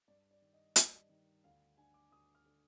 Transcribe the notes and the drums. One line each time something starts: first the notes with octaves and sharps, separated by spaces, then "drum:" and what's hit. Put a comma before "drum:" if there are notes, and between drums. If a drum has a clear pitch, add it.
G2 D5
D5
D#3
D#5
G2 D#5, drum: hi-hat
D#3
D2 F5
D3 G#5
D6
D2 D#6
F6
D3